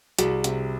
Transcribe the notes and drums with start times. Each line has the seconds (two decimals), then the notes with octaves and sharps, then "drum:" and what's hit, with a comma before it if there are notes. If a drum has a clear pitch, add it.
0.19 C2 F#4 G#4, drum: hi-hat
0.44 C3, drum: hi-hat